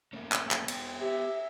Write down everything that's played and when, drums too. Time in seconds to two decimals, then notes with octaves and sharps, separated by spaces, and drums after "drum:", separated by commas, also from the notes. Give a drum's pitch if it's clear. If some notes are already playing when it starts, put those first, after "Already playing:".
0.13 A3 A#3 C#4
0.32 drum: clap
0.51 drum: clap
0.68 B3 B4 G5, drum: cymbal
1.00 G4 E5